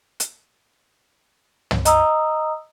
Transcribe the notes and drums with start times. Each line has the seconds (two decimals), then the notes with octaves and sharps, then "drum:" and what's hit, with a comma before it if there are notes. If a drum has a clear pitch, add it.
0.20 drum: hi-hat
1.71 drum: tom
1.85 D#5 A#5 D#6 E6, drum: hi-hat